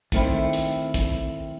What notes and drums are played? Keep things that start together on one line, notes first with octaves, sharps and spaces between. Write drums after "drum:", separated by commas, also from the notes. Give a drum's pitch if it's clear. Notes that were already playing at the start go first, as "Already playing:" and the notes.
D#3 A3 C4 E4, drum: kick, hi-hat
drum: hi-hat
drum: kick, hi-hat